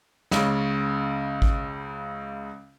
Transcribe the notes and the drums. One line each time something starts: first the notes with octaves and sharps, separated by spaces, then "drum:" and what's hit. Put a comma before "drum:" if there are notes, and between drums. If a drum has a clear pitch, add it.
C#2 C#3, drum: snare
drum: kick G#1